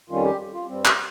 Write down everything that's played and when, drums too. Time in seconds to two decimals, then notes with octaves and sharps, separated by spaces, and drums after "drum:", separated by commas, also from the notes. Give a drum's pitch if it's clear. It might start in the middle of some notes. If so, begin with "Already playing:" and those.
0.09 F2 D#3 G3 C#4 F4
0.24 G4
0.53 F4
0.68 G2 G3 C4
0.85 drum: clap